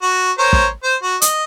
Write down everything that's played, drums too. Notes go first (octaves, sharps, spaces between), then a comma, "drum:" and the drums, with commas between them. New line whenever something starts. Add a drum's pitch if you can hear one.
F#4
A#4 C5 C#5
drum: kick
C5
F#4
D#5, drum: hi-hat